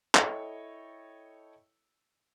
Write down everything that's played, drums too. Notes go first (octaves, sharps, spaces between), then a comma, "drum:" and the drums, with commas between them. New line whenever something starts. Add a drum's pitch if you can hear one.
E4 A4 C#5 D#5 G5 C#6, drum: clap